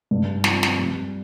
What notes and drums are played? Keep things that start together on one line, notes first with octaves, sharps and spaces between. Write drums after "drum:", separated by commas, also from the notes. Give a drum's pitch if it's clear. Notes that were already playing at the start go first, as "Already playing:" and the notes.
G2
F3 C4, drum: snare
drum: snare
G3